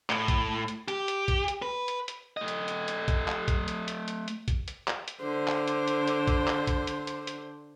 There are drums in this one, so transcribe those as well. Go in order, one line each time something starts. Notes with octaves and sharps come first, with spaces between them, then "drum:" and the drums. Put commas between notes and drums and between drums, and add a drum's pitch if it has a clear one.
A2, drum: clap
drum: kick A#1, hi-hat
drum: hi-hat
G4, drum: hi-hat
drum: hi-hat
drum: kick A#1, hi-hat
drum: hi-hat
B4
drum: hi-hat
drum: hi-hat
A3 D#5
drum: hi-hat
drum: hi-hat
drum: hi-hat
drum: kick A#1, hi-hat
drum: clap
drum: kick A#1, hi-hat
drum: hi-hat
drum: hi-hat
drum: hi-hat
drum: hi-hat
drum: kick A#1, hi-hat
drum: hi-hat
drum: clap
drum: hi-hat
D3 C5
drum: clap
drum: hi-hat
drum: hi-hat
drum: hi-hat
drum: kick A#1, hi-hat
drum: clap
drum: kick A#1, hi-hat
drum: hi-hat
drum: hi-hat
drum: hi-hat